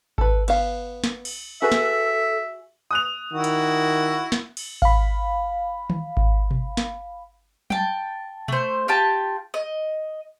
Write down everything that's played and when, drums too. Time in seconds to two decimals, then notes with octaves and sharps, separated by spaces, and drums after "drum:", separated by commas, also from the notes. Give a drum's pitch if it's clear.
0.18 A4 B4, drum: kick G#1
0.48 B3 F5, drum: cymbal
1.04 drum: snare
1.25 drum: cymbal
1.62 F#4 G#4 A4 B4 E5
1.72 drum: snare
2.91 D#6 F#6 F7
3.32 D#3 E4 F#4
3.44 drum: hi-hat
4.32 drum: snare
4.57 drum: cymbal
4.82 F5 B5, drum: kick G#1
5.90 drum: tom
6.17 drum: kick G#1
6.51 drum: tom B2
6.77 drum: snare
7.70 G5 A5, drum: tom
8.48 A3 C5, drum: tom B2
8.88 F4 G4 G5 A5
9.54 D#5